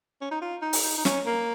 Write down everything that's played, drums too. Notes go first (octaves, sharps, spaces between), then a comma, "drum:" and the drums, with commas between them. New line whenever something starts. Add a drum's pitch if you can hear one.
C#4
D#4
F4
D#4
drum: open hi-hat
D#4
D#4
C#4, drum: snare
A#3